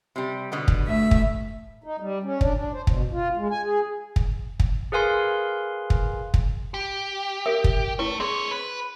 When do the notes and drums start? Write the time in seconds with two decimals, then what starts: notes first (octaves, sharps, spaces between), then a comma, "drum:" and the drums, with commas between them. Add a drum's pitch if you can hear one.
0.16 C3 G3
0.52 B2 D3 B3
0.68 drum: kick
0.85 A3 E5
1.11 drum: kick
1.84 D#4
2.00 G3
2.23 C#4
2.41 D4, drum: kick
2.55 D4
2.73 C5
2.87 B2, drum: kick
3.12 F4
3.37 G#3
3.51 G#5
3.64 G#4
4.16 drum: kick
4.60 drum: kick
4.92 G#4 A#4 B4 F5 G#5 C6
5.90 drum: kick
6.34 drum: kick
6.74 G4
7.46 A#4 E5 D#6
7.64 drum: kick
7.99 A3 E4 B4
8.20 C4 G#4 C#5 D#5 C6
8.51 B4